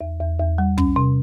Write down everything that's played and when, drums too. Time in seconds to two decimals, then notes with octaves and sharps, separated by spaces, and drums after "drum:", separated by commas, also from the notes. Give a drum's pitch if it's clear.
0.01 E2
0.20 E2
0.39 E2
0.58 G3
0.78 C#4, drum: kick
0.96 C3